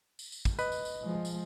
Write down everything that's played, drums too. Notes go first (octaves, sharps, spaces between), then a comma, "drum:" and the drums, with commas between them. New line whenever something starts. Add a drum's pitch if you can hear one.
drum: tambourine
drum: tambourine
drum: kick, tambourine
B4 D#5, drum: tambourine
drum: tambourine
drum: tambourine
F3 G#3
drum: tambourine